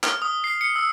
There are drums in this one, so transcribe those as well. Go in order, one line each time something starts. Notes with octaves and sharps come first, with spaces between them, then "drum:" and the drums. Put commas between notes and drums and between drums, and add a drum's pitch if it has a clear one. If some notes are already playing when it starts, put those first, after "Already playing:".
F6, drum: clap
D#6
C7
C#7
E6